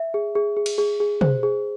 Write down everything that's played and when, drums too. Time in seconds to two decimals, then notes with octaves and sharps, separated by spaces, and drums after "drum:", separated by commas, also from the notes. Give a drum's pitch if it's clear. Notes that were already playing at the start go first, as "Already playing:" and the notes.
Already playing: E5
0.14 G#4
0.35 G#4
0.57 G#4
0.66 drum: cymbal
0.78 G#4
1.00 G#4
1.21 C5, drum: tom
1.43 G#4